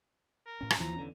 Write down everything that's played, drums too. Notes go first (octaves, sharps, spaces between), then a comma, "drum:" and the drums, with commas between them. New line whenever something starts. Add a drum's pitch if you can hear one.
A#4
A2 C#4
drum: rim click
D#2 E3 F3 A#5
E2 D3 E3 C#4